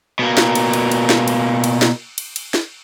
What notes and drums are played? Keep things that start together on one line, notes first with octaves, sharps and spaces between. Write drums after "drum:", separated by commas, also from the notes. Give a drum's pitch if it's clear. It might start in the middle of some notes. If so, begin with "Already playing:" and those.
B2 A#3
drum: snare
drum: cymbal
drum: cymbal
drum: cymbal
drum: snare
drum: cymbal
drum: cymbal
drum: snare
drum: cymbal
drum: cymbal
drum: snare